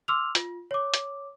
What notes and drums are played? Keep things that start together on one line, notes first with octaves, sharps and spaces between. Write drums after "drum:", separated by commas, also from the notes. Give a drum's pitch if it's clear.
C6 D6 E6 F6 F7
F4, drum: hi-hat
C#5 D6
drum: hi-hat